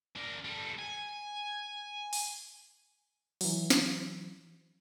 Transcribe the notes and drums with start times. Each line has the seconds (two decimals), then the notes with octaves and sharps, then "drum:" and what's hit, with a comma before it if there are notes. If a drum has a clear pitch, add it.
0.16 D4 A#4
0.45 G3 A4
0.79 G#5
2.13 drum: open hi-hat
3.41 E3 F#3, drum: open hi-hat
3.70 drum: snare